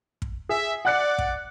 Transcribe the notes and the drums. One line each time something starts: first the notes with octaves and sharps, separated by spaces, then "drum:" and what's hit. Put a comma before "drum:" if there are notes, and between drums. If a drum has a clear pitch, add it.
drum: kick
G#4 E5
D5 F#5 F#6 C#7
drum: kick